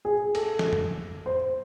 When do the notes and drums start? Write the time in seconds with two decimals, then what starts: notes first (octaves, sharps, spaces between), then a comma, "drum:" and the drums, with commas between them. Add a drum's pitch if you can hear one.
0.05 G#4
0.35 A4, drum: cymbal
0.59 drum: snare
0.73 drum: tom F2
1.26 C5